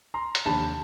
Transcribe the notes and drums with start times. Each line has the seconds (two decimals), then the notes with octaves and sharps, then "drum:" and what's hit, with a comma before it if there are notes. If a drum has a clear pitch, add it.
0.14 A#5 C6
0.35 drum: hi-hat
0.45 F1 D#2 D3 A5 B5